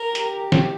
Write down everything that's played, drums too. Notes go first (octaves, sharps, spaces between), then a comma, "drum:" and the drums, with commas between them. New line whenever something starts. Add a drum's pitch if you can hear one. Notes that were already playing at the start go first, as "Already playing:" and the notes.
Already playing: A#4
G4, drum: hi-hat
drum: snare